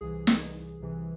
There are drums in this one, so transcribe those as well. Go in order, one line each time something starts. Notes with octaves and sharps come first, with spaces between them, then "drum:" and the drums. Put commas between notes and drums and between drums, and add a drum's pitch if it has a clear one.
C2 C3 E3 G#4
drum: snare
C2 C3 E3